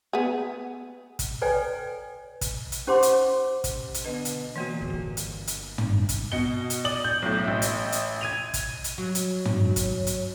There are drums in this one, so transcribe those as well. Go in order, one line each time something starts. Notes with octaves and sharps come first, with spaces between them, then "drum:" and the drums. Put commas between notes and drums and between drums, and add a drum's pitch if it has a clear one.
B3 G#4
drum: kick, hi-hat
A4 B4 C#5 D5 G5 G#5
drum: kick, hi-hat
drum: hi-hat
C#4 G4 C5 F#5 C6 D6
drum: hi-hat
drum: kick, hi-hat
drum: hi-hat
B2 D3 B4 D#5
drum: hi-hat
A#2 E3 A#3 F#4
D1 B2
G1
drum: hi-hat
drum: hi-hat
drum: tom
drum: kick, hi-hat
B2 D#5 C#7 G7
drum: hi-hat
D5 D#6 F#7
G6
B1 A2
A1 E5
drum: hi-hat
drum: hi-hat
G#6 D#7 F7
drum: kick, hi-hat
drum: hi-hat
F#3
drum: hi-hat
drum: tom
drum: kick, hi-hat
drum: hi-hat